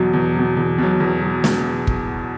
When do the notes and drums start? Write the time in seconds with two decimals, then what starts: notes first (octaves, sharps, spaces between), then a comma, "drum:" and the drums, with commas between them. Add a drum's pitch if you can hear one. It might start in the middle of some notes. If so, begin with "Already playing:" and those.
Already playing: E2 B2 F#3
0.13 E2
0.35 B2 F#3
0.57 E2
0.78 B2 F#3
1.00 E2
1.22 F#3
1.44 drum: snare
1.87 drum: kick